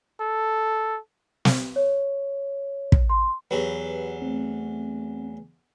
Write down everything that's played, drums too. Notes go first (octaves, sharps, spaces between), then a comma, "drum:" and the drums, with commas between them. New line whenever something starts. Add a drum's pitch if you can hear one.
A4
drum: snare
C#5
drum: kick
C6
E2 F#3 G4 B4
A3 C4